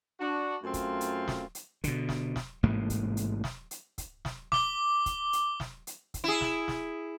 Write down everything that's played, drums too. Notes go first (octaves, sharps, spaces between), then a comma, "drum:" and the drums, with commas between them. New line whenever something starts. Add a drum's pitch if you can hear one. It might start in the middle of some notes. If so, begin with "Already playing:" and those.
D4 F#4
F#2 A3 C4 F4
drum: kick, hi-hat
drum: hi-hat
drum: snare
drum: hi-hat
B2 D3, drum: kick, hi-hat
drum: snare
drum: snare
A1 G#2 C3 A#3
drum: kick, hi-hat
drum: hi-hat
drum: snare
drum: hi-hat
drum: kick, hi-hat
drum: snare
D6 G7, drum: snare
drum: kick, hi-hat
drum: hi-hat
drum: snare
drum: hi-hat
drum: kick, hi-hat
E4 G#4
drum: snare
drum: snare